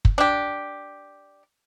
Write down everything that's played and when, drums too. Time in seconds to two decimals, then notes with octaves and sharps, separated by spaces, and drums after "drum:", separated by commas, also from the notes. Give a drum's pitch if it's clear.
0.05 drum: kick
0.18 D4 G4